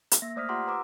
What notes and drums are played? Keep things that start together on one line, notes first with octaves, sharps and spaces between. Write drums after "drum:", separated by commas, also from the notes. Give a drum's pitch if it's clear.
drum: hi-hat
A#3 E5 A#6
A3 C5 D5 D#6 F6 B6
F4 G4 F#5 A#5 C6 D6
B4 A#5 C6 D6 E6